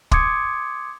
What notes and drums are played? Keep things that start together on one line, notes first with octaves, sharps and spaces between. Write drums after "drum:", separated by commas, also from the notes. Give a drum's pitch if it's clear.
C6 D6 D#6 G#6 C#7, drum: kick